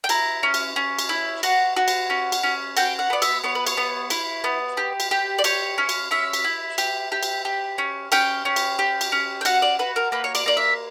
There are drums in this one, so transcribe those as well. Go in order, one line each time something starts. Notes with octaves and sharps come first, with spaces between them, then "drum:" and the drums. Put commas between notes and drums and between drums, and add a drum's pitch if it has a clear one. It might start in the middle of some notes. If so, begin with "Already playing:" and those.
G5
E4 A#5, drum: cymbal
C#4
drum: cymbal
C#4
drum: cymbal
E4
F#4, drum: cymbal
F#4
drum: cymbal
C#4
drum: cymbal
C#4
F#4 G5, drum: cymbal
F#5
B3 D5
E5, drum: cymbal
B3 C#5
B4
C#5, drum: cymbal
B3
E4, drum: cymbal
B3
G4
drum: cymbal
G4
D5
G4 C#5, drum: cymbal
C#4
drum: cymbal
C#4 E5
drum: cymbal
E4
G4, drum: cymbal
G4
drum: cymbal
G4
C#4
C#4 G5, drum: cymbal
C#4
drum: cymbal
G4
drum: cymbal
C#4
G5
F#4 F#5, drum: cymbal
D5
F#4 B4
A#4
A#3 B4
C#5
D5, drum: cymbal
A#3 D5
E5